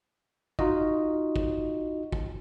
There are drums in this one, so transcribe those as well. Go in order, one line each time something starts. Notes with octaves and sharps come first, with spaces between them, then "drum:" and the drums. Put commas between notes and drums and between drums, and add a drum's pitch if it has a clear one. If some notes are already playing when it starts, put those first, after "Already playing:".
D#4 F4 F#4 D#5, drum: kick
drum: kick
drum: kick